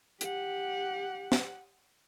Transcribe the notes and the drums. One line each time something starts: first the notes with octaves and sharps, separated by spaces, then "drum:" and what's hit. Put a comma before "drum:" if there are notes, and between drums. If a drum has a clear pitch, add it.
G4 F#5, drum: hi-hat
drum: snare